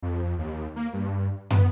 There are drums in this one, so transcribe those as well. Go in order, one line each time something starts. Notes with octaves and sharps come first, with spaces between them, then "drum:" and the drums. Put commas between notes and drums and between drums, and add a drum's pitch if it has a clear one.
F2
F2
D#2
A#3
G2
B3, drum: tom